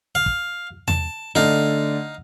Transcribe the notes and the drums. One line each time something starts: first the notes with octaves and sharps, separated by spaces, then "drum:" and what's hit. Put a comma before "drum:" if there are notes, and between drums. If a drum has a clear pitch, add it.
F5
drum: kick
A5, drum: tom E2
D3 A3 D4 D#4 F5